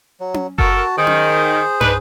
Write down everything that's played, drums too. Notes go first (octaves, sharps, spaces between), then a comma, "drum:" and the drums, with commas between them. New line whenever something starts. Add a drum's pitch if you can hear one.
F#3
drum: tom C#4
F#4 A4 A#4 A5, drum: kick F#1
D#3 G#4 C5
drum: tom C#4
D4 D#4 B4, drum: tom